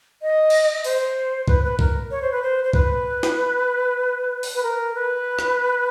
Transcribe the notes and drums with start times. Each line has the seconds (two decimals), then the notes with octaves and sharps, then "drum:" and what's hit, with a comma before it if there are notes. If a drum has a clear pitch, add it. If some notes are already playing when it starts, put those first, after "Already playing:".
0.22 D#5
0.50 drum: cymbal
0.84 C5, drum: open hi-hat
1.48 B4, drum: kick C2
1.64 B4
1.79 A#4, drum: kick C2
2.11 C#5
2.22 C5
2.32 B4
2.42 C5
2.64 C5
2.73 B4, drum: kick C2
3.23 drum: snare
4.43 drum: open hi-hat
4.55 B4
4.63 A#4
4.95 B4
5.39 drum: rim click